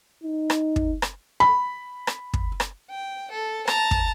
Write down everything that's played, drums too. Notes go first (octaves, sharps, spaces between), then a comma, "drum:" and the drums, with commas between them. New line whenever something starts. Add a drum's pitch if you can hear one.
D#4
drum: rim click
drum: kick
drum: rim click
B5
drum: rim click
drum: kick
drum: rim click
G5
A4
A5 A#5, drum: rim click
drum: kick